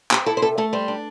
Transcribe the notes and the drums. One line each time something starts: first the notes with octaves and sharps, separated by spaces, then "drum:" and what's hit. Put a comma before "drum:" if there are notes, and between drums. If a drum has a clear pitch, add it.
C4 G4, drum: clap
E4 A4
C5
C3 A4
A3 A4
G3 C5
D4